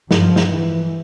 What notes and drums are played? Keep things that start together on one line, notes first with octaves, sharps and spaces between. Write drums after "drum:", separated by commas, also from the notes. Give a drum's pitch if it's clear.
G2 F3, drum: snare
drum: snare
E3